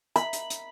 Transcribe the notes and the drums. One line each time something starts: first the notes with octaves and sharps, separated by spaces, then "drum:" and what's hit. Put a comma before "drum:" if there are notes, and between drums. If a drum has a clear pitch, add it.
B5, drum: hi-hat
drum: hi-hat
drum: hi-hat